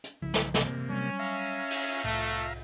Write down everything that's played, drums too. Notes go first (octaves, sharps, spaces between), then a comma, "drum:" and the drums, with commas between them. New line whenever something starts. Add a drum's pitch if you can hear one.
drum: hi-hat
B1 C#3 F3 E4
drum: snare
C3 A#3, drum: snare
F#3 G3 C#4
E5 F5 A#5
drum: cymbal
C2 A2 A3